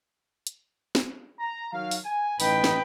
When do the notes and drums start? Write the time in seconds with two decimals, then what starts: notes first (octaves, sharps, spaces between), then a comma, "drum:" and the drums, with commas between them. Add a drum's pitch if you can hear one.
0.47 drum: hi-hat
0.95 drum: snare
1.39 A#5
1.72 D#3 F#3 F5
1.91 drum: open hi-hat
2.05 G#5
2.40 A1 D#4 B4 G5, drum: open hi-hat
2.64 drum: snare